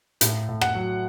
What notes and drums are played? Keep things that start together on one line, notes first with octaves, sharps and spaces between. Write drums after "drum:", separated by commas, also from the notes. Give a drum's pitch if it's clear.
A2, drum: hi-hat
A2
F#5, drum: rim click
F#3